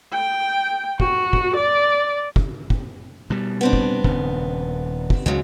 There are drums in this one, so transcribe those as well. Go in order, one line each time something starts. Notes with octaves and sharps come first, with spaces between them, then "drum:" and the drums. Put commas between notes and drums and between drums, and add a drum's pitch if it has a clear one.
G5
F#4, drum: kick
drum: kick
D5
drum: kick
drum: kick
B2 G3
B3 C4 D4
drum: kick
D#1 C#3, drum: kick
drum: kick
C#2 G#2 C#3 F#3